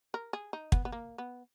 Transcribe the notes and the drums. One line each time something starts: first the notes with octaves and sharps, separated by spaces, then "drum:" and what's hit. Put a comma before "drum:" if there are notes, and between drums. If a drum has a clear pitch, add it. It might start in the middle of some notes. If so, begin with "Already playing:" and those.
A#4
G#4
D#4
B3, drum: kick
B3
A#3
B3